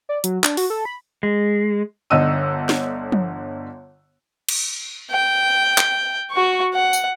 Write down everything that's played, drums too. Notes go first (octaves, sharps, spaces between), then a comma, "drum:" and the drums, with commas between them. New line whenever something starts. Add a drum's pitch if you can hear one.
D5
F#3, drum: hi-hat
D4, drum: clap
F#4, drum: open hi-hat
A4
B5
G#3
G1 D3 D#5 E6 D#7
drum: snare
drum: tom
drum: cymbal
G5
drum: clap
F#4 C#6
F#5
drum: tambourine